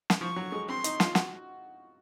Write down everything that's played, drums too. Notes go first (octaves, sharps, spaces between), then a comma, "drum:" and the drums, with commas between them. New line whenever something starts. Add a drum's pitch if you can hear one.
drum: snare
F3 C#6
F#3
G#3
C4 C6
D#4, drum: hi-hat
F4, drum: snare
F#4, drum: snare